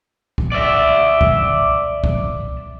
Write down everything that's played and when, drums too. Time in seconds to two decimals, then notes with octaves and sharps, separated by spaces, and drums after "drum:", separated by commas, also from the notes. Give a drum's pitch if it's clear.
0.38 drum: kick
0.52 D5 E5
1.21 drum: kick
2.04 drum: kick